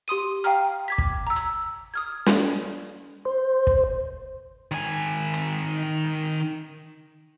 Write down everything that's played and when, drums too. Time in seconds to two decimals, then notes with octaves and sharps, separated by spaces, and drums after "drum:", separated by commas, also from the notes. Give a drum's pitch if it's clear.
0.08 G4 C6 D#6 D#7
0.44 F5 G5 A#5 F6, drum: hi-hat
0.88 D6 G#6 B6
0.98 drum: kick
1.27 A#5 E6
1.36 drum: hi-hat
1.94 D#6 F6 G#6
2.26 drum: snare
3.25 C5
3.67 drum: kick
4.71 D#3 G#5, drum: hi-hat
5.34 drum: hi-hat